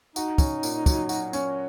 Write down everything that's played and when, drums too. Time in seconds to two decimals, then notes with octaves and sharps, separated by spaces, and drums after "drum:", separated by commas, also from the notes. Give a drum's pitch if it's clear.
0.16 D#4 F#4, drum: tambourine
0.38 C#4, drum: kick, tambourine
0.63 A#2, drum: tambourine
0.86 F#3, drum: kick, tambourine
1.09 F#4, drum: tambourine
1.33 C#4, drum: tambourine